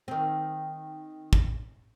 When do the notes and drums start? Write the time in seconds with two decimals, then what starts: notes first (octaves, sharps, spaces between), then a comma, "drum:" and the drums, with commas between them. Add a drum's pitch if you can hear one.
0.08 D#3 C4
1.33 drum: kick